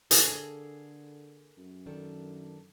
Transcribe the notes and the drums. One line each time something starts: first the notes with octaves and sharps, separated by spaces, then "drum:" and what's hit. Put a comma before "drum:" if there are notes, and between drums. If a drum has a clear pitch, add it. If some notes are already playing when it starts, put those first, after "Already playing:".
D3 A#3 G#4 A4 F5, drum: hi-hat
F#2
D#3 D4 A4